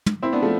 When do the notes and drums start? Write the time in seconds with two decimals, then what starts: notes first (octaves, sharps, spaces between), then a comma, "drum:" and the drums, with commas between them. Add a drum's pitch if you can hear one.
0.06 drum: tom
0.22 C4 E4
0.33 B3 D4
0.42 F3 A3